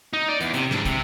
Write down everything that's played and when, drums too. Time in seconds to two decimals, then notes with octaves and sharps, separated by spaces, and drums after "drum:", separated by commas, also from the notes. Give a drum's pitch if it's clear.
0.13 D#4
0.29 D5
0.41 E2, drum: hi-hat
0.54 C3, drum: hi-hat
0.71 G#2 D4, drum: snare
0.85 C3, drum: kick, hi-hat